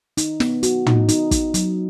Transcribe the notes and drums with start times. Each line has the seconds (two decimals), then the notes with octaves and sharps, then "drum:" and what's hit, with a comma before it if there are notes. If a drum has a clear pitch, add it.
0.17 D#4, drum: hi-hat
0.40 B3, drum: snare
0.63 F#4, drum: hi-hat
0.87 D#4, drum: tom
1.09 D#4, drum: hi-hat
1.31 D#4, drum: kick, hi-hat
1.54 F#3, drum: hi-hat